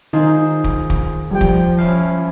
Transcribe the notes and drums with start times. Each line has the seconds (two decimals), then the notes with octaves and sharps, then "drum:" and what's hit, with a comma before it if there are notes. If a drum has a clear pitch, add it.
0.13 D#3 D#4 F4 G#4 C5
0.64 drum: kick
0.90 drum: kick
1.31 F3 G3 G5
1.41 drum: kick
1.79 C#4 E4 F5